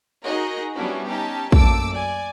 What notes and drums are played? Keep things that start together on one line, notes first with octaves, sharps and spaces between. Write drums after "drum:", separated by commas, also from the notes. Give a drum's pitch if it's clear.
D#4 F#4 G#4 A#4 D#5
G3 B3 C#4 D4 E4 F#4
C#4 D#4 G4 A5
F#2 A#2 A3 A5 D6 E6, drum: kick
D5 G#5